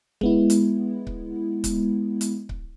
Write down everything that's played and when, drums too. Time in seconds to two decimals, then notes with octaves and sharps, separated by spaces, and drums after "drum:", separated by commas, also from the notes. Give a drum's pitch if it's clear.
0.21 G#3 B3 E4, drum: kick C#1
0.50 drum: hi-hat
1.07 drum: kick C#1
1.64 drum: kick C#1, hi-hat
2.21 drum: hi-hat
2.49 drum: kick C#1